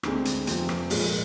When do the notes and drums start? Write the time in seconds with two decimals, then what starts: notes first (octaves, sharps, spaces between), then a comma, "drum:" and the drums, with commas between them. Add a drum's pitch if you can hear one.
0.03 D2 D3 G#3 C4, drum: rim click
0.25 drum: hi-hat
0.47 F1 F2 C3 F3 C4, drum: hi-hat
0.69 drum: rim click
0.90 A#1 A#2 F3 G#3, drum: open hi-hat